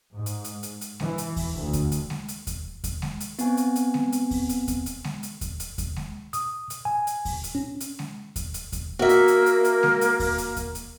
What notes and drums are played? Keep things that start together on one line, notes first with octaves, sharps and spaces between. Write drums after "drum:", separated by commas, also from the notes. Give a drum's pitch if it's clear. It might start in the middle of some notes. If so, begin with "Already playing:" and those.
G#2
drum: hi-hat
drum: hi-hat
drum: hi-hat
drum: hi-hat
E3, drum: snare G#3
drum: hi-hat
drum: kick D#2, open hi-hat
D2
drum: kick D#2, hi-hat
drum: hi-hat
drum: snare G#3
drum: hi-hat
drum: kick D#2, hi-hat
drum: kick D#2, hi-hat
drum: snare G#3
drum: hi-hat
B3 C4 G#5, drum: hi-hat
drum: hi-hat
drum: hi-hat
drum: snare G#3
drum: hi-hat
drum: kick D#2, open hi-hat
drum: hi-hat
drum: kick D#2, hi-hat
drum: hi-hat
drum: snare G#3
drum: hi-hat
drum: kick D#2, hi-hat
drum: hi-hat
drum: kick D#2, hi-hat
drum: snare G#3
D#6, drum: hi-hat
drum: hi-hat
G#5
drum: hi-hat
drum: kick D#2, open hi-hat
drum: hi-hat
C#4
drum: hi-hat
drum: snare G#3
drum: kick D#2, hi-hat
drum: hi-hat
drum: kick D#2, hi-hat
A#3 F#4 E5
drum: hi-hat
drum: hi-hat
drum: hi-hat
drum: hi-hat
drum: snare G#3
drum: hi-hat
drum: kick D#2, open hi-hat
drum: hi-hat
drum: kick D#2, hi-hat
drum: hi-hat